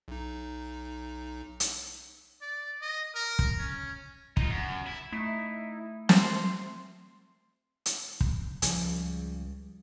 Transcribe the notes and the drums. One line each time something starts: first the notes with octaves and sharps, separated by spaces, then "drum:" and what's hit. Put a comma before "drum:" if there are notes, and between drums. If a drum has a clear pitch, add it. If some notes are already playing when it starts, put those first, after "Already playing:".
B1 D#4
drum: hi-hat
D5
D#5
A#4
drum: kick
C#4
D#4 F4, drum: kick
F#2
E4
A3 D#4 E4
C6, drum: snare
drum: hi-hat
drum: kick
C#2 C#3 F3 G3 G#5, drum: hi-hat